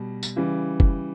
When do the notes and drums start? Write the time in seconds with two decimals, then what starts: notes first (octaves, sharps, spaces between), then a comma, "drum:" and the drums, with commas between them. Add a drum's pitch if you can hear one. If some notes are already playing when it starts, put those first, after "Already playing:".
Already playing: B2 G3
0.23 drum: tambourine
0.36 C#3 E3 G3
0.80 drum: kick F#1